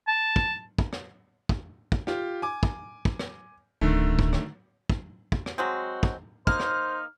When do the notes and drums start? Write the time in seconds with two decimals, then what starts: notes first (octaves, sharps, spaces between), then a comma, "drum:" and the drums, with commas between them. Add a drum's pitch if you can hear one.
0.08 A5
0.36 drum: kick
0.78 drum: kick
0.93 drum: rim click
1.49 drum: kick
1.92 drum: kick
2.07 F4 G4, drum: rim click
2.42 G#5 D6
2.63 drum: kick
3.05 drum: kick
3.19 drum: rim click
3.81 D1 D3 D#3 A3
4.19 drum: kick
4.33 drum: rim click
4.90 drum: kick
5.32 drum: kick
5.46 drum: rim click
5.58 F#3 G#3 C4 F#4
6.03 drum: kick
6.47 A#3 D#4 C5 F6, drum: kick
6.60 drum: rim click